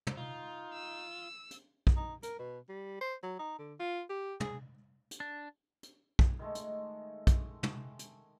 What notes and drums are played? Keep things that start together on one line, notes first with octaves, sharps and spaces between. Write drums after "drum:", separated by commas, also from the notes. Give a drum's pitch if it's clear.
drum: tom
D#4 F4
E6
drum: hi-hat
drum: kick
D#4
A#4, drum: hi-hat
B2
G3
C5
F#3
D#4
D3
F4
G4
G#4, drum: tom
drum: hi-hat
D4
drum: hi-hat
drum: kick
D#3 G#3 A3
drum: hi-hat
drum: kick, hi-hat
drum: tom
drum: hi-hat